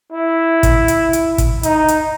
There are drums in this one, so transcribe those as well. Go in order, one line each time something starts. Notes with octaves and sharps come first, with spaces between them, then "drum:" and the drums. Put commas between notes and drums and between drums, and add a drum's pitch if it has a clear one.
E4
drum: kick, hi-hat
drum: hi-hat
drum: hi-hat
drum: kick, hi-hat
D#4, drum: hi-hat
drum: hi-hat